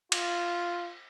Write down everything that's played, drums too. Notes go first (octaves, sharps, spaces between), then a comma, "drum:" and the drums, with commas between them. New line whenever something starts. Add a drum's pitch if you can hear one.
F4, drum: cymbal